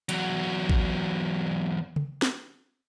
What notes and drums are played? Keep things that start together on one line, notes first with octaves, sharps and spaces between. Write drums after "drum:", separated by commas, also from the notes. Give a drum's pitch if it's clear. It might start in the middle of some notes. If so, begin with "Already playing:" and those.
E2 F#3, drum: hi-hat
drum: kick A1
drum: tom C#3
drum: snare